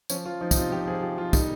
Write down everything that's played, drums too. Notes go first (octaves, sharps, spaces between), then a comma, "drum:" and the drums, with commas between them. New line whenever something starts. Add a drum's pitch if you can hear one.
F3 C#4, drum: tambourine
F3 F4
F3 D#4
D#4, drum: kick, tambourine
C3 F4
F3 G4
F3 G#4
F3 G4
F3 F4
G3 D#4, drum: kick, tambourine